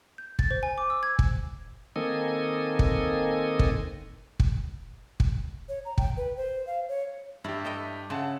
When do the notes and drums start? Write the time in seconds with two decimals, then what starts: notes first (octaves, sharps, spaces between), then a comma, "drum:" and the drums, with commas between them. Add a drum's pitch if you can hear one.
0.18 G6
0.39 A6, drum: kick
0.51 C5
0.63 G#5
0.78 D6
0.90 E6
1.03 G#6
1.19 drum: kick
1.96 D#3 A#3 C4 A4 D#5 G#5
2.79 drum: kick
3.59 drum: kick
4.40 drum: kick
5.20 drum: kick
5.69 C#5
5.85 A#5
5.98 G5, drum: kick
6.17 B4
6.37 C5
6.67 F5
6.89 C#5
7.44 G2 E4 G4 D5
7.65 A4 D#5 G5
8.10 C#3 E4 F#5 A5 C6